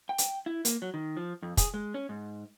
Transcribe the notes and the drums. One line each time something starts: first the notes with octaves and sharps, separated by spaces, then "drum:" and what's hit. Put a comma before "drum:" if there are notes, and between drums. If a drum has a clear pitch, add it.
G5
drum: hi-hat
E4
A#3, drum: hi-hat
F#3
D#3
F3
F2
G#4, drum: kick, hi-hat
G#3
C#4
G#2